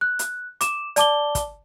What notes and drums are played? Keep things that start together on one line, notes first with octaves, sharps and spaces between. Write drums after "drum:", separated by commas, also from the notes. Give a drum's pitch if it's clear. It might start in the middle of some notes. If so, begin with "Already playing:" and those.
F#6
drum: hi-hat
D6 E7, drum: hi-hat
D5 A5 D6 G7, drum: hi-hat
drum: kick, hi-hat